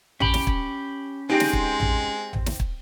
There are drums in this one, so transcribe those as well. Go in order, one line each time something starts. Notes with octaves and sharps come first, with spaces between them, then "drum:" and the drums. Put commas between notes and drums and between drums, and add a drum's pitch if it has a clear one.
C#4 G4 B5, drum: tom A1
drum: snare
drum: kick
G#3 C4 D#4 G4
drum: snare
drum: kick
drum: tom A1
drum: tom A1
drum: snare
drum: kick